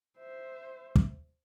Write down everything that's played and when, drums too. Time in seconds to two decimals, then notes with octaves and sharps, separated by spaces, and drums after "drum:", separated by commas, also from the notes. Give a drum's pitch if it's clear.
0.18 C5 E5
0.96 drum: kick